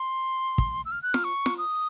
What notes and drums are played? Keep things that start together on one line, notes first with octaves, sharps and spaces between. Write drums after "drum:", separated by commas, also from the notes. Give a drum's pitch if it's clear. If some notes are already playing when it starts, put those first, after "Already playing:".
Already playing: C6
drum: kick
E6
F6
F#6
F6, drum: snare
C#6
drum: snare
D#6